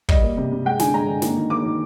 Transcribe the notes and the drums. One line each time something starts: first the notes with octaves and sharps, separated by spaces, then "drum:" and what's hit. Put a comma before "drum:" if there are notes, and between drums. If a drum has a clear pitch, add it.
G3 D#5, drum: kick
A#3
C3
C3
G#3 G5
D3 G#5, drum: snare
G#3 A#5
D3
A#3, drum: snare
D#3
A#3 D6
D#3